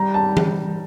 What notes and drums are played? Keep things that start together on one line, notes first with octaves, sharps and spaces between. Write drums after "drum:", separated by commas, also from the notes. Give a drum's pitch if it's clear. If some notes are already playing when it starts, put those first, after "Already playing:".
Already playing: G3 A#5
A5
drum: tom E3